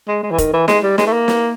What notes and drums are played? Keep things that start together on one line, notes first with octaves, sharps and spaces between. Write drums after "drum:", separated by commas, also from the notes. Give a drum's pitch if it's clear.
G#3
G#3
E3
D#3, drum: kick F1, hi-hat
E3
G#3, drum: snare
G3
G#3, drum: snare
A3
A#3
drum: snare